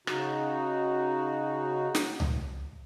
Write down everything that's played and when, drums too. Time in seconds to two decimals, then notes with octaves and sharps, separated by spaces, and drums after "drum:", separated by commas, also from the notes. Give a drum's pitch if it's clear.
0.07 C#3 D#4 F#4, drum: rim click
1.95 drum: snare
2.20 drum: tom C#2